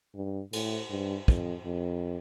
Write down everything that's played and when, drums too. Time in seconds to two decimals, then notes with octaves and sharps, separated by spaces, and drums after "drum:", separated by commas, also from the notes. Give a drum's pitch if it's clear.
0.15 G2
0.53 A2, drum: cymbal
0.90 G2
1.28 F2, drum: kick
1.65 F2